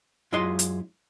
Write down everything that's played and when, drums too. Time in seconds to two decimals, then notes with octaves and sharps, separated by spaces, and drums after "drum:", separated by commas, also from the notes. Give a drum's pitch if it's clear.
0.32 F#2 G#3 E4 F4 D#5 C6
0.59 drum: hi-hat